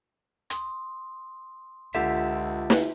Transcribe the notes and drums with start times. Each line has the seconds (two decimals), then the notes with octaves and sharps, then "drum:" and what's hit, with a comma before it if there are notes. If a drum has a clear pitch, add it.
0.50 C6 D#6, drum: hi-hat
1.95 C#2 D3 F4 G4 E5 A5 G6
2.70 drum: snare